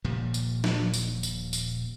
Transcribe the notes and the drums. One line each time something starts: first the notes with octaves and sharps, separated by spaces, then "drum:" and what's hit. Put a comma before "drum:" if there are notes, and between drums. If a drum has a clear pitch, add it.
D#1 A#2 F3 G3
drum: tambourine
drum: snare
drum: tambourine
drum: tambourine
drum: tambourine